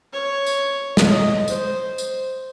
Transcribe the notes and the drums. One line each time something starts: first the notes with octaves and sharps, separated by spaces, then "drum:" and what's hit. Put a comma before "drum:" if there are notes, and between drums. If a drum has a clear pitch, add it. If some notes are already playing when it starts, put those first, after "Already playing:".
C#5
drum: tambourine
drum: snare
D#5
C5, drum: tambourine
drum: tambourine